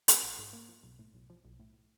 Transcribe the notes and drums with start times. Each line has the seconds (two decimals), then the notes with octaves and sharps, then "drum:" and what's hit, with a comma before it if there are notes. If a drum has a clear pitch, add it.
0.08 F3, drum: hi-hat
0.23 A#1
0.39 G#2
0.53 A#3
0.69 F3
0.83 B1
0.99 A2
1.14 B1
1.30 F3
1.45 B1
1.60 A2